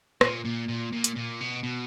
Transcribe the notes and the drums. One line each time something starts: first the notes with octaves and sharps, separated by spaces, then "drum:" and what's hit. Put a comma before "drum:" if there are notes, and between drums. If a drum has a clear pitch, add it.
A#2, drum: rim click
A#2
A#2
A#2
drum: hi-hat
A#2
B2
B2